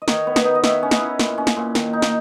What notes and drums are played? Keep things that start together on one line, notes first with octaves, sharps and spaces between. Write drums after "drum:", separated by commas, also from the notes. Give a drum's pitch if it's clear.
D#5
D#3 A#4 C#5, drum: snare
B3 C#5
B4 D#5, drum: snare
D#4
D#5
D#3 C#5 E5, drum: snare
C#4
D#5 F#5, drum: snare
E4
A#2, drum: snare
C#4
drum: snare
A#2
D#3, drum: snare
D#4
drum: snare